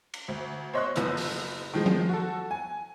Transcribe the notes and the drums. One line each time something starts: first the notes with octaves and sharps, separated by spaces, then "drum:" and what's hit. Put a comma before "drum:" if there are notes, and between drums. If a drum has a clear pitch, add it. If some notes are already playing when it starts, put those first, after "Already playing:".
drum: cymbal
D2
C5 C#5 D#5 C6 C#6 F#6
F#1 F3 B3 E6 F#6, drum: hi-hat
drum: open hi-hat
D#3 F3 G#3
drum: tom F3
F#4 A4
G#5